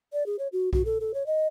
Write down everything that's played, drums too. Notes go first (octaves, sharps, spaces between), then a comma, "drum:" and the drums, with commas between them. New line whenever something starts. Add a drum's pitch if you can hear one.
D5
G#4
C#5
F#4
F#4, drum: kick B1
A4
A4
C#5
D#5